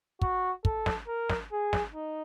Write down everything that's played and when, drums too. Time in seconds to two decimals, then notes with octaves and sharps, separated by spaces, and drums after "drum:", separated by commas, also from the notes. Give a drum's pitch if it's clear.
0.22 F#4, drum: kick
0.65 A4, drum: kick
0.86 drum: snare
1.07 A#4
1.30 drum: snare
1.52 G#4
1.73 drum: snare
1.94 D#4